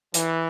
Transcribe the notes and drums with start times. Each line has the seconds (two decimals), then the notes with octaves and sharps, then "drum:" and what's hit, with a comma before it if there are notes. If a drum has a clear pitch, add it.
0.14 E3, drum: hi-hat